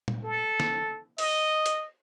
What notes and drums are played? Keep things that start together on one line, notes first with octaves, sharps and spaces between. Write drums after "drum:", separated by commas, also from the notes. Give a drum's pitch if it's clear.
drum: tom A#2
A4
drum: snare
D#5, drum: open hi-hat
drum: hi-hat